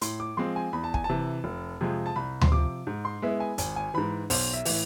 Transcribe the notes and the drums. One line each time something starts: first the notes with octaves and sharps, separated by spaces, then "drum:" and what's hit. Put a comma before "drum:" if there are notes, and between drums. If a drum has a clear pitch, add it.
A2 C6, drum: hi-hat
D6
F3 G#3 C4 C6
G#5
E2 B5
A5
G#5, drum: kick
A5
C3 E3
F1
F2 C3 F3 G#3
A5
C2 B5
C6, drum: tom D2
C3 F3 D6
G#2
C6
G#3 B3 E4 E5
G#5
G#1 G#5, drum: hi-hat
G#5
G#2 E3 B5
B1 C5, drum: open hi-hat
E5
A2 E3, drum: open hi-hat